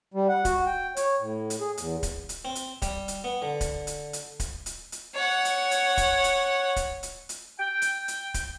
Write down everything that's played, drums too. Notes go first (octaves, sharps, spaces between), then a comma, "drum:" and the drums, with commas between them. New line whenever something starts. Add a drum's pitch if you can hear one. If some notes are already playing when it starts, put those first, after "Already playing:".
G3
F#5
F#4, drum: kick D1, hi-hat
G5
C#5, drum: hi-hat
A2
drum: hi-hat
G#4
E2, drum: hi-hat
drum: kick D1, hi-hat
drum: hi-hat
C4
drum: hi-hat
G3, drum: kick D1, hi-hat
drum: hi-hat
B3
D3
drum: kick D1, hi-hat
drum: hi-hat
drum: hi-hat
drum: kick D1, hi-hat
drum: hi-hat
drum: hi-hat
C#5 F#5
drum: hi-hat
drum: hi-hat
drum: kick D1, hi-hat
drum: hi-hat
drum: kick D1, hi-hat
drum: hi-hat
drum: hi-hat
G5
drum: hi-hat
drum: hi-hat
drum: kick D1, hi-hat